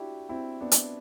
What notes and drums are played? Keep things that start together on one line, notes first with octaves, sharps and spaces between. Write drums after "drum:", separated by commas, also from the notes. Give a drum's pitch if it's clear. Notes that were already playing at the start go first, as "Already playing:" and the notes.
Already playing: D4 E4 F#4 G4
C4 E4
B3 D4
drum: hi-hat